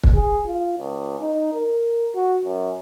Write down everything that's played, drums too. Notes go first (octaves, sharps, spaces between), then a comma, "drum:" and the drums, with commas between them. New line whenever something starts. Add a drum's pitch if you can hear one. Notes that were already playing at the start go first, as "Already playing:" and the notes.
drum: kick
G#4
F4
C#2
D#4
A#4
F#4
F#2